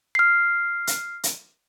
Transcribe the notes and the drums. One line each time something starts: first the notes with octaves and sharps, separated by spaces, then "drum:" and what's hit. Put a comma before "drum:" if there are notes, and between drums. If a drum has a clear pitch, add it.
F6 C7
drum: hi-hat
drum: hi-hat